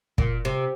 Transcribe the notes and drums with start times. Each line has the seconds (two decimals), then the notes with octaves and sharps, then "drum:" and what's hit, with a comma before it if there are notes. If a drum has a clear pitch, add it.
0.18 A#2, drum: kick
0.45 C3